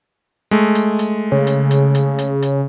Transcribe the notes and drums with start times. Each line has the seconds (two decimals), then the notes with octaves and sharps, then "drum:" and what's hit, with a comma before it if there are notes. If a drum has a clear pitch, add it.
0.51 G#3 A3
0.75 drum: hi-hat
0.99 drum: hi-hat
1.32 C#3
1.47 drum: hi-hat
1.71 drum: hi-hat
1.95 drum: hi-hat
2.19 drum: hi-hat
2.43 drum: hi-hat